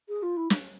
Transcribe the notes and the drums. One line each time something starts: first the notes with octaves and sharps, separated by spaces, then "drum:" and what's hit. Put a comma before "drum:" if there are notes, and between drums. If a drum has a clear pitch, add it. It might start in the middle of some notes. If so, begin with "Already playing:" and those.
G#4
F4
E4
D4, drum: snare